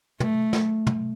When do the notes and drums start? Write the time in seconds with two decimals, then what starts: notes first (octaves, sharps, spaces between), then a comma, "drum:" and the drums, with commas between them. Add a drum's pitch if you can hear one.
0.20 A3, drum: tom
0.53 drum: snare
0.87 drum: tom